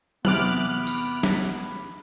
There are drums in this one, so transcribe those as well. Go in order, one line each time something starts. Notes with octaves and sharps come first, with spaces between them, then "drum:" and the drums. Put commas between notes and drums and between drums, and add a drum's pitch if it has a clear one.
E2 C3 E3 B3 D6 F6 F#6, drum: tom F#3
drum: tambourine
drum: snare